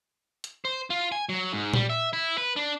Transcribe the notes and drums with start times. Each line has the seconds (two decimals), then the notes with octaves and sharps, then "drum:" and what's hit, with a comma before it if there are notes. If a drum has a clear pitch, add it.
0.44 drum: hi-hat
0.65 C5
0.90 F4
1.12 G#5
1.29 F#3
1.53 G#2
1.74 G3, drum: tom A#2
1.90 E5
2.13 E4
2.38 B4
2.56 D4